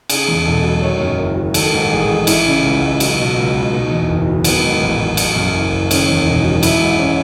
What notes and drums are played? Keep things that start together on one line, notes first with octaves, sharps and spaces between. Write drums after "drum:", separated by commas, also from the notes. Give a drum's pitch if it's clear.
C#3 G#4, drum: cymbal
E2
E1 A4
F#3
D#3 C#5
F#2
F#1
F#3
D#3 A4, drum: cymbal
G#2
A1 G#4
A1
E3 E4, drum: cymbal
C#3
C#2
C#2
F#3, drum: cymbal
B2
C#2
C#2
B2 D#4
E2
F#1
F#3
D#3 B3, drum: cymbal
G#2
A1
F#3
E3, drum: cymbal
F#2
F#1
F#1
D#3 C#4, drum: cymbal
E2
E1 D#4
F#3
E3 E4, drum: cymbal
G#2
C#4